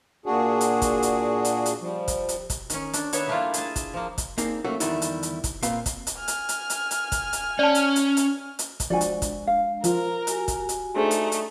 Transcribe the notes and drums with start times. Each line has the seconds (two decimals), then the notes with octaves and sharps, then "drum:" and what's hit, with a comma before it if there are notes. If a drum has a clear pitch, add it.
0.26 A#2 D4 F#4 G#4
0.61 drum: hi-hat
0.82 drum: kick, hi-hat
1.03 drum: hi-hat
1.45 drum: hi-hat
1.66 drum: hi-hat
1.81 F3 G3
2.08 drum: kick, hi-hat
2.29 drum: hi-hat
2.50 drum: kick, hi-hat
2.70 D#3 C#4, drum: hi-hat
2.93 D4, drum: hi-hat
3.13 D#3 B3 C#5 E5, drum: hi-hat
3.28 G3 A3 A#3 D4 E4 F4
3.54 G#4 A5, drum: hi-hat
3.76 drum: kick, hi-hat
3.94 F3 A#3
4.18 drum: kick, hi-hat
4.38 A#3 C4 D4 D#4 G#4, drum: hi-hat
4.65 F#3 A3 A#3 C#4 F#4
4.80 E2 D3 D#3 G3 D#4 E4, drum: hi-hat
5.02 drum: hi-hat
5.23 drum: hi-hat
5.44 drum: kick, hi-hat
5.62 A#2 C4 B4 F5, drum: hi-hat
5.86 drum: kick, hi-hat
6.07 drum: hi-hat
6.18 G#5 F6
6.28 drum: hi-hat
6.49 drum: hi-hat
6.70 drum: hi-hat
6.91 drum: hi-hat
7.12 drum: kick, hi-hat
7.33 drum: hi-hat
7.59 C#4 D5 A5
7.75 drum: hi-hat
7.96 drum: hi-hat
8.17 drum: hi-hat
8.59 drum: hi-hat
8.80 drum: kick, hi-hat
8.90 F3 G#3 D4 F#4 D5 G#5
9.01 drum: hi-hat
9.22 drum: kick, hi-hat
9.47 F5
9.84 F3 F4 A#4, drum: hi-hat
10.27 F#4 G4 G#5, drum: hi-hat
10.48 drum: kick, hi-hat
10.69 drum: hi-hat
10.96 A3 D4 D#4 G#4 C5
11.11 drum: hi-hat
11.32 drum: hi-hat